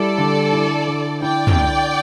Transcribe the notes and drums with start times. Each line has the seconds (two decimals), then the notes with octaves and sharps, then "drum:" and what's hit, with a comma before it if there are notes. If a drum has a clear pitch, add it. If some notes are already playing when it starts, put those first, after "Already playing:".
Already playing: G3 E4 A4 D5
0.18 D3
0.53 E4
0.87 D3
1.22 E4 D5 G5
1.47 drum: tom
1.57 D3